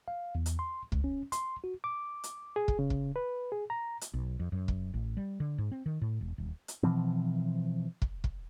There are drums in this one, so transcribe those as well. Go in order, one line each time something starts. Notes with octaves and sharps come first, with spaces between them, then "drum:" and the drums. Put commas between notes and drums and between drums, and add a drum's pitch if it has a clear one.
F5
E2
drum: hi-hat
C6
C#2, drum: kick
C#4
C6, drum: hi-hat
F#4
D6
drum: hi-hat
G#4
drum: kick
C#3
drum: kick
B4
G#4
A#5
drum: hi-hat
B1
F2
F#2
drum: kick
A1
G3
D3
G#2
C4
D#3
A2
E1
D#1
drum: hi-hat
B2 E3 F3 C4
drum: kick
drum: kick